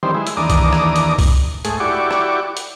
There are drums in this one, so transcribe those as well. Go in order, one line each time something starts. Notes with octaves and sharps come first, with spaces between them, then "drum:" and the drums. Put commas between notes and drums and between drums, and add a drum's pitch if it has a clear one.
D#3 E3 G3 C4 C5
G#3 E4
drum: hi-hat
D#2 E3 D4 A#5 D6 D#6
drum: kick C2, hi-hat
drum: rim click
drum: hi-hat
drum: kick C2, open hi-hat
G#2 A3 G#4, drum: hi-hat
E4 F#4 G4 D5 C#6 D6
drum: rim click
drum: hi-hat